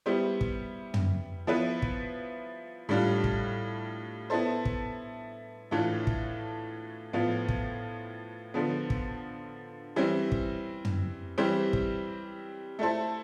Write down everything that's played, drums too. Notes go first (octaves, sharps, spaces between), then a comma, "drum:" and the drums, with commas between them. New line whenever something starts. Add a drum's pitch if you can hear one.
G3 B3 E4 G4 C5
drum: kick
drum: tom
F3 B3 E4 B4
drum: kick
A2 G3 D4 F4
drum: kick
B3 E4 A4 C5
drum: kick
A2 E3 A3 D4 F4
drum: kick
A2 F3 B3 F4
drum: kick
D3 F3 B3
drum: kick
E3 G3 C4
drum: kick
drum: tom
E3 G3 C4 G4 C5
drum: kick
A3 E4 A4 C5